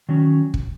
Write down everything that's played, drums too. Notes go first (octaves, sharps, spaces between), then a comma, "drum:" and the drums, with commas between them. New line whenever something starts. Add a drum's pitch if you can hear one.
D#3 F#3 C#4
drum: kick